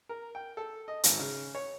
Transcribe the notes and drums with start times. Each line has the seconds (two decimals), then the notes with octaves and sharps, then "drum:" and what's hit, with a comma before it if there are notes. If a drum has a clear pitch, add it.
0.09 A#4
0.35 G5
0.57 A4
0.88 D#5
1.04 G#1, drum: hi-hat
1.19 C#3
1.55 C#5